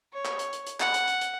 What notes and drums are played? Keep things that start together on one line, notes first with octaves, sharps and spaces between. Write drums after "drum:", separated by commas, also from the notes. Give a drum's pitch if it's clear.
C#5
drum: clap
drum: hi-hat
drum: hi-hat
drum: hi-hat
F#5, drum: clap
drum: hi-hat
drum: hi-hat
drum: hi-hat